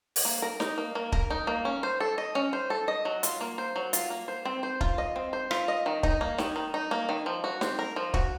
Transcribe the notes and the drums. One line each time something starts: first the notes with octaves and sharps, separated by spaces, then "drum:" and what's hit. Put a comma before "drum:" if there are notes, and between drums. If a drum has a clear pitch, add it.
drum: open hi-hat
A#3
A#4
D#4, drum: snare
A#3
A#3
A#4, drum: kick
D#4
A#3
C#4
C5
A4
D#5
C#4
C5
A4
D#5
F#3
F4, drum: hi-hat
A#3
C5
F#3
F4, drum: hi-hat
A#3
C5
C4
C5
F4, drum: kick
D#5
C4
C5
F4, drum: rim click
D#5
D#3
D#4, drum: kick
A#3
D#3, drum: snare
D#3
D#4
A#3
D#3
F3
F#4
C4, drum: snare
A#4
F3
F#4, drum: kick